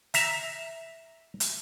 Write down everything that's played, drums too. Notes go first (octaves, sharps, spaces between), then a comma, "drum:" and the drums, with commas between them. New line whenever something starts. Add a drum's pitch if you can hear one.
E5 A#5, drum: hi-hat
drum: hi-hat